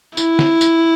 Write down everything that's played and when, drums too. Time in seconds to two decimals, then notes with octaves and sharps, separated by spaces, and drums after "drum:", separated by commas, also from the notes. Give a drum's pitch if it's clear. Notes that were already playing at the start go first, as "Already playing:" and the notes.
0.17 E4, drum: tambourine
0.39 drum: snare
0.61 drum: tambourine